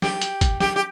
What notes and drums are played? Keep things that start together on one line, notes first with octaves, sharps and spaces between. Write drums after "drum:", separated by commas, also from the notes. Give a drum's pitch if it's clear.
G4, drum: snare
drum: hi-hat
drum: kick, hi-hat
G4, drum: snare
G4